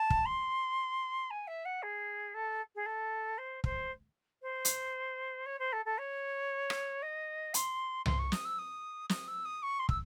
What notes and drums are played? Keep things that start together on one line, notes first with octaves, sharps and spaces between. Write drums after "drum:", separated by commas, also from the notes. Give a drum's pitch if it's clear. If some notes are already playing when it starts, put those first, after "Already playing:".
Already playing: A5
drum: kick
C6
G#5
E5
F#5
G#4
A4
G#4
A4
C5
C5, drum: kick
C5
drum: hi-hat
C#5
C5
A4
A4
C#5
drum: rim click
D#5
C6, drum: hi-hat
C6, drum: tom C2
C#6
D#6, drum: snare
E6
D#6
D#6, drum: snare
E6
D#6
C#6
C6
E6, drum: kick